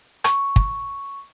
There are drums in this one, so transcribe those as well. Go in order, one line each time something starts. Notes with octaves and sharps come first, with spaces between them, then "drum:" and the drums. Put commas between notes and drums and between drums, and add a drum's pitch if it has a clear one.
C#6, drum: rim click
drum: kick